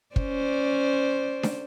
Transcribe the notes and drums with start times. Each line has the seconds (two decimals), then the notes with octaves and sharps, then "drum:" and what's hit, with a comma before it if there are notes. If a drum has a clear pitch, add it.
0.16 C#4 C5 D5, drum: kick
1.43 drum: snare D4